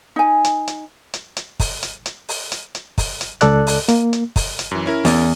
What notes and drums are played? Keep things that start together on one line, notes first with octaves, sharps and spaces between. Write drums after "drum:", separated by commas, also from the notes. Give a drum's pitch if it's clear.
D#4 G#5
drum: hi-hat
drum: hi-hat
drum: hi-hat
drum: hi-hat
drum: kick, open hi-hat
drum: hi-hat
drum: hi-hat
drum: open hi-hat
drum: hi-hat
drum: hi-hat
drum: kick, open hi-hat
drum: hi-hat
C#2 A4 D5 F#6, drum: hi-hat
drum: open hi-hat
A#3, drum: hi-hat
drum: hi-hat
drum: kick, open hi-hat
drum: hi-hat
F#2 E3
C#4 E4 A#4
E2, drum: open hi-hat